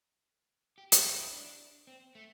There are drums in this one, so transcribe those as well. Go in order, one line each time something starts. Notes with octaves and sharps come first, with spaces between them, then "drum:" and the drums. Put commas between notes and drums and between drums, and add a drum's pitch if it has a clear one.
G4
A4, drum: hi-hat
G4
E4
D4
C4
A3